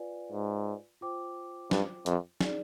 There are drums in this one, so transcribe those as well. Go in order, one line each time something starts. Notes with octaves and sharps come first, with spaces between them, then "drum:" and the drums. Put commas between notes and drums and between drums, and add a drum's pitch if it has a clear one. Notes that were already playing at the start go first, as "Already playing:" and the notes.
Already playing: F4 B4 D5 F5 G#5
G#2
F4 C5 G5 D6
G2, drum: snare
F2, drum: hi-hat
D#4 G#4 D5, drum: snare